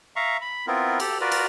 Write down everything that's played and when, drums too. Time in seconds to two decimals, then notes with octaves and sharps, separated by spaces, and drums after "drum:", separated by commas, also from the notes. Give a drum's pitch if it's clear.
0.16 E5 F5 A#5 C#6
0.41 B5
0.67 B3 C4 E4 F4 A#4
1.00 G4 A4, drum: cymbal
1.21 F4 F#4 A#4 B4 D5
1.32 drum: cymbal